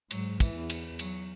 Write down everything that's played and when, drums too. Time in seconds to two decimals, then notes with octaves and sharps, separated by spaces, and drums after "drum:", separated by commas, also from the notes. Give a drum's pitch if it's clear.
0.11 G#2 F#3, drum: cymbal
0.40 E3, drum: kick, cymbal
0.55 E2
0.70 drum: cymbal
0.99 F#3, drum: cymbal